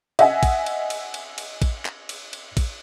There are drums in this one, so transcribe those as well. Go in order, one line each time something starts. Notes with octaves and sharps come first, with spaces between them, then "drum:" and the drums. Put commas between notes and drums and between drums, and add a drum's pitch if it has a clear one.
D#5 E5 F#5 G#5, drum: cymbal
drum: kick, cymbal
drum: cymbal
drum: cymbal
drum: cymbal
drum: cymbal
drum: kick, cymbal
drum: clap
drum: cymbal
drum: cymbal
drum: kick, cymbal